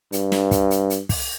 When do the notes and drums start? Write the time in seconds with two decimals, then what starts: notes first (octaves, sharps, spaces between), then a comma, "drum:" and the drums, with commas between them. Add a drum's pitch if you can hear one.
0.12 G2, drum: hi-hat
0.32 drum: snare
0.51 drum: kick, hi-hat
0.71 drum: hi-hat
0.90 drum: hi-hat
1.09 drum: kick, open hi-hat